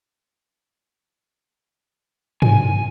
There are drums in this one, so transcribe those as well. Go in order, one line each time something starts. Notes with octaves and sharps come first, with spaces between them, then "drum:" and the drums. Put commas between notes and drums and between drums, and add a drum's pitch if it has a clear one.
G#5, drum: tom